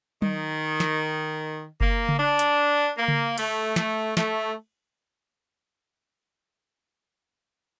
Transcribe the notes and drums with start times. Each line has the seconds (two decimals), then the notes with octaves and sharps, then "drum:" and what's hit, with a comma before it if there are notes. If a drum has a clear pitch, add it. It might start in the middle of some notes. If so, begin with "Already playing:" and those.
0.22 D#3, drum: tom F#3
0.80 drum: snare
1.81 A#3, drum: kick F#1
2.09 drum: tom C#3
2.19 D4
2.39 drum: hi-hat
2.98 A#3
3.08 drum: tom C#3
3.38 A3, drum: cymbal
3.76 A3, drum: snare
4.17 A3, drum: snare